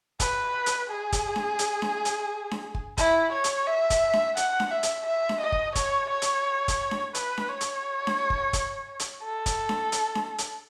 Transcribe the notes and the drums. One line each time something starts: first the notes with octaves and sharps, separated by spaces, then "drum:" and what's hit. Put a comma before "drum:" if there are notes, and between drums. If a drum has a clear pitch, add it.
B4, drum: kick, hi-hat
drum: hi-hat
G#4
drum: kick, hi-hat
drum: snare D4
drum: hi-hat
drum: snare D4
drum: hi-hat
drum: snare D4
drum: kick
E4, drum: kick, hi-hat
C#5
drum: hi-hat
E5
drum: kick, hi-hat
drum: snare D4
F#5, drum: hi-hat
drum: snare D4
E5
drum: hi-hat
E5
drum: snare D4
D#5
drum: kick
C#5, drum: kick, hi-hat
C#5
drum: hi-hat
drum: kick, hi-hat
drum: snare D4
B4, drum: hi-hat
drum: snare D4
C#5
drum: hi-hat
drum: snare D4
drum: kick
drum: kick, hi-hat
drum: hi-hat
A4
drum: kick, hi-hat
drum: snare D4
drum: hi-hat
drum: snare D4
drum: hi-hat